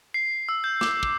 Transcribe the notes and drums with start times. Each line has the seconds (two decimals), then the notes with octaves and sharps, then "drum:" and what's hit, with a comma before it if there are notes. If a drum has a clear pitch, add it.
0.14 C7
0.49 E6
0.64 G6
0.81 D6, drum: snare
1.03 drum: kick